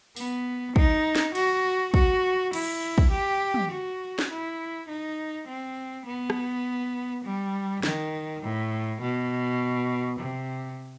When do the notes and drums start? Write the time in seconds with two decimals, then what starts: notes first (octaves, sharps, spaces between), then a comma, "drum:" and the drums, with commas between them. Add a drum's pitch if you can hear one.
0.16 B3, drum: open hi-hat
0.76 D#4, drum: kick
1.15 drum: snare
1.35 F#4, drum: cymbal
1.94 F#4, drum: kick
2.53 E4, drum: cymbal
2.98 drum: kick
3.11 G4
3.54 drum: tom
3.71 F#4
4.19 drum: snare
4.30 E4
4.89 D#4
5.48 C4
6.07 B3
6.30 drum: rim click
7.24 G3
7.83 D#3, drum: snare
8.42 A2
9.02 B2
10.19 C3